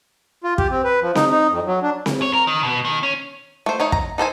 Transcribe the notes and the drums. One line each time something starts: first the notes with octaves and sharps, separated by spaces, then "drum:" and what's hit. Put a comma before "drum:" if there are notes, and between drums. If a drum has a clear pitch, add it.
F4
G4, drum: kick
C4
B4
F3
D#4, drum: snare C4
D#4
F2
F#3
D4
drum: snare C4
C#5
A#4
D#3
B2
D#3
C#4
A3 C5
A3 D#4 C#5
A#5, drum: kick
D#4 A4 C5 G#5